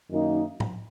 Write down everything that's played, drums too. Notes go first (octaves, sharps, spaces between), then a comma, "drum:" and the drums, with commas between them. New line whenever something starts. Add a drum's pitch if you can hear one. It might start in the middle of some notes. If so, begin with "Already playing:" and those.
F#2 D#3 A#3 D#4
drum: tom